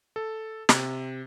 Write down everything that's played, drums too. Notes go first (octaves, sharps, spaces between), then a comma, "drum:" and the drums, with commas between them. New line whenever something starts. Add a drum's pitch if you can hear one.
A4
C3, drum: snare